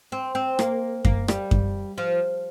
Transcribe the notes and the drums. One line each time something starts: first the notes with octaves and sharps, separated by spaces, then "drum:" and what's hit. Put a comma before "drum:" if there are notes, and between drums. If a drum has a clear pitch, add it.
C4
C4
A#3, drum: rim click
A#3, drum: kick F#2
G3, drum: rim click
drum: kick F#2
F3